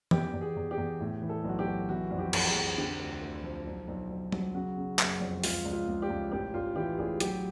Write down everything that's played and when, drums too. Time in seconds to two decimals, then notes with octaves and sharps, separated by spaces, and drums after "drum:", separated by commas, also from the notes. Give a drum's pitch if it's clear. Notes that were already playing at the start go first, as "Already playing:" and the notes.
0.11 E2 G4, drum: tom E3
0.34 E2
0.41 G#4
0.57 E2
0.71 G4
0.78 E2
1.00 A2
1.22 E3
1.29 A4
1.45 B1 F#4
1.59 G4
1.67 B1
1.89 E3 F#4
2.11 F2
2.19 G4
2.33 F2, drum: cymbal
2.48 G#4
2.55 F2
2.78 D3 G4
3.00 D2
3.22 D2
3.44 F3
3.66 B1
3.88 B1
4.10 B1
4.32 F#3, drum: tom F#3
4.54 C#3 F#4
4.77 C#3
4.99 F#1, drum: clap
5.21 F2
5.44 C#2 F4, drum: open hi-hat
5.65 C#2
5.72 F4
5.88 C#2
6.02 G4
6.10 C#2
6.32 A1 G4
6.54 A1 F4
6.76 E3 G4
6.98 A1 G#4
7.20 F#3 G4, drum: hi-hat